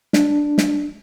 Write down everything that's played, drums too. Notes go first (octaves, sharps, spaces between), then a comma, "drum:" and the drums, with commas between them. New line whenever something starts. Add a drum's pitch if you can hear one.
D4, drum: snare
drum: snare